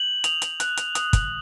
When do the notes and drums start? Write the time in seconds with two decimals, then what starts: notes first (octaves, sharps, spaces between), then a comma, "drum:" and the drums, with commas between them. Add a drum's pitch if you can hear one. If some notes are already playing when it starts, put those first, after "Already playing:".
Already playing: G6 F#7
0.24 D#6 F7, drum: hi-hat
0.42 drum: hi-hat
0.60 F#6, drum: hi-hat
0.77 drum: hi-hat
0.95 D#6, drum: hi-hat
1.13 drum: kick, hi-hat